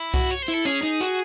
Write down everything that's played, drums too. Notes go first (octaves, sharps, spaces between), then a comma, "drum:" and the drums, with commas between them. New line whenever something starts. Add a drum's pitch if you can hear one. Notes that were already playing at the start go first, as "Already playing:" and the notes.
Already playing: E4
F#4, drum: kick C2, hi-hat
C#5, drum: hi-hat
C5
E4, drum: hi-hat
A4
C#4 G#4, drum: open hi-hat
D#4, drum: hi-hat
F#4, drum: hi-hat